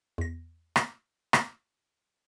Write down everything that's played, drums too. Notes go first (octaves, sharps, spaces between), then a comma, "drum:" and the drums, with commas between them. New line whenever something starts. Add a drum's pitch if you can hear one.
E2 A#6
drum: rim click
drum: rim click